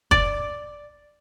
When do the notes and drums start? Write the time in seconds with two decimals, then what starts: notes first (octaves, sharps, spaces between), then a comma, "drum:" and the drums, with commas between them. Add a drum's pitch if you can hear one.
0.11 D5, drum: kick